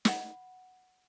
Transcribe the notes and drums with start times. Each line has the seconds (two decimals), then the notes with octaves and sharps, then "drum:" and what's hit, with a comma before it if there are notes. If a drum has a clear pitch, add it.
0.05 F#5 B5, drum: snare